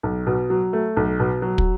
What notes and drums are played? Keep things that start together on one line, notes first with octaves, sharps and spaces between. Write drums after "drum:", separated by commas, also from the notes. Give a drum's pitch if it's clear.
B1
B2
F#3
A3
B1
B2
F#3
drum: kick